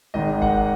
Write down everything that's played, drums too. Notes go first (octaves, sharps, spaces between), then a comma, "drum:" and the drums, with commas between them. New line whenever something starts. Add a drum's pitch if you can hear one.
G#1 G#2 D#3 D#5
F#5, drum: kick